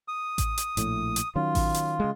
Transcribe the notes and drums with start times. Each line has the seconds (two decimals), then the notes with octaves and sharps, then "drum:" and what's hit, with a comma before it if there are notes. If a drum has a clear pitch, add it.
0.08 D#6
0.38 drum: kick A1, hi-hat
0.58 drum: hi-hat
0.77 A#1 A2, drum: hi-hat
1.16 drum: hi-hat
1.36 D#3 F#3 C#4 F4
1.55 drum: kick A1, open hi-hat
1.74 drum: hi-hat
2.00 C#3 G#3